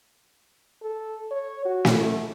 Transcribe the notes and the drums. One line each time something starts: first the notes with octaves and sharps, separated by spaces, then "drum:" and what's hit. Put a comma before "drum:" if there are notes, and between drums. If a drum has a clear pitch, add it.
A4
C#5
F#4
drum: snare
A3